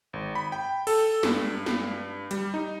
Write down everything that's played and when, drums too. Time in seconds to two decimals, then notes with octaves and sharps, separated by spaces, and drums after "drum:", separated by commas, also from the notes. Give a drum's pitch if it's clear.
0.13 G#1
0.35 B5
0.52 G5
0.87 A4, drum: cymbal
1.23 G2, drum: snare
1.66 drum: snare
2.31 G3, drum: hi-hat
2.54 D#4